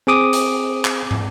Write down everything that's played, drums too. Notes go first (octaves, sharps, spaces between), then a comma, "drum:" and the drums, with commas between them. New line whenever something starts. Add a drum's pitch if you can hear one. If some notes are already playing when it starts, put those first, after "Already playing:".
C4 G#4 D6 D#6
drum: hi-hat
drum: clap
drum: tom